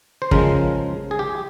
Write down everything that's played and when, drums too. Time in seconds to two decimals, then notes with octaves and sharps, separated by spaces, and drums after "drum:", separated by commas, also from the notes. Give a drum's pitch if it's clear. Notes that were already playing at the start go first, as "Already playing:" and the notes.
0.22 C5
0.31 C#3 F3 G#3 A#4, drum: kick
1.11 G#4
1.19 G4